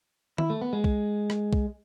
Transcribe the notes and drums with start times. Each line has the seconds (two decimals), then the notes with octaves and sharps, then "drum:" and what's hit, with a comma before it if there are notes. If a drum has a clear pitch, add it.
0.38 E4, drum: tom D#3
0.50 A3
0.61 B3
0.73 G#3
0.84 drum: kick
1.30 drum: rim click
1.53 drum: kick